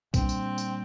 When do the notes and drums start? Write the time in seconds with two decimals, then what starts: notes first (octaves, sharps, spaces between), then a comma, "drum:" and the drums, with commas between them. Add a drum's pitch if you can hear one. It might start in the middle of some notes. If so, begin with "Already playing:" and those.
0.14 A#2 G3 A#3 C4 D4, drum: kick, tambourine
0.29 drum: tambourine
0.58 drum: tambourine